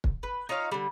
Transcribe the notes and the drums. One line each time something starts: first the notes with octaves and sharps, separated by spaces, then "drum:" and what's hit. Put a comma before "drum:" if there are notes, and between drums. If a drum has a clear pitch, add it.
drum: kick
B4
D#4 F4 C#5 F5
D3 G3